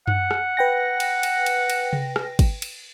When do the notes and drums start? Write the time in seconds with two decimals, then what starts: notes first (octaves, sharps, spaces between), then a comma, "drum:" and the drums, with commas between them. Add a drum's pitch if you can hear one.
0.08 F#5, drum: tom F#2
0.31 drum: rim click
0.57 B4 G5 A#6
1.00 drum: cymbal
1.23 drum: cymbal
1.46 drum: cymbal
1.70 drum: cymbal
1.93 drum: tom C3
2.16 drum: rim click
2.39 drum: kick, cymbal
2.62 drum: cymbal